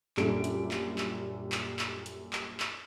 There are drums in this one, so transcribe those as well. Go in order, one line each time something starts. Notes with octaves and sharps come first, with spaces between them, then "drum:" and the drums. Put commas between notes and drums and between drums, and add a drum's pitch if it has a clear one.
A#1 F#2 G3 A3 D4 D7, drum: clap
drum: hi-hat
drum: clap
drum: clap
drum: clap
drum: clap
drum: hi-hat
drum: clap
drum: clap